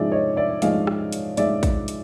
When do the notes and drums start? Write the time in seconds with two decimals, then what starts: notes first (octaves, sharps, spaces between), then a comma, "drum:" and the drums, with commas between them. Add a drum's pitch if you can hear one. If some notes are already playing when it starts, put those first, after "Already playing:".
Already playing: G#2 F3 G#3 D5 E5
0.12 C#5 D#5
0.36 D5 E5
0.62 G#2 F3 G#3 D#5 F5, drum: hi-hat
0.87 drum: rim click
1.12 drum: hi-hat
1.37 G#2 F3 G#3 D5 E5, drum: hi-hat
1.63 drum: kick, hi-hat
1.88 drum: hi-hat